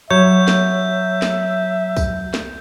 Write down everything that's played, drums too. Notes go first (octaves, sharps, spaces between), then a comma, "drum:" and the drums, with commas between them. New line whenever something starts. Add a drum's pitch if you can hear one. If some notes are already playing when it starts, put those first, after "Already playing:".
F#3 C#5 E5 G6
drum: snare
drum: snare
drum: kick C2, tambourine
drum: snare